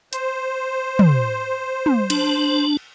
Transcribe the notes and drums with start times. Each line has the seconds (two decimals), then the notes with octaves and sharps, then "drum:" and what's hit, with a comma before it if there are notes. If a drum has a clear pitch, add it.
0.13 C5, drum: hi-hat
0.99 drum: tom
1.86 drum: tom
2.10 D4, drum: cymbal